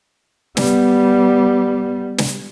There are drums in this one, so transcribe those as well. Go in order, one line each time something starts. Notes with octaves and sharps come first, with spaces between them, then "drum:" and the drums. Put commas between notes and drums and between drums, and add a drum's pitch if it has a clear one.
G3 B3, drum: snare
drum: snare